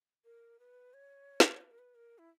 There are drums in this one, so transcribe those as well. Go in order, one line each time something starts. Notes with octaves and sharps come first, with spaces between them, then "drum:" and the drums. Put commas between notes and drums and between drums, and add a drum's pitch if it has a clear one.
A#4
B4
C#5
drum: snare
B4
A#4
B4
A#4
E4